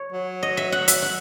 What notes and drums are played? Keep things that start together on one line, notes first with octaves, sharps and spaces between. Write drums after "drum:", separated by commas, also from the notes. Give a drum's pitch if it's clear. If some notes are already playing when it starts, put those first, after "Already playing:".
Already playing: C#5
F#3
D#5
E5
F#5
E5, drum: hi-hat
F#5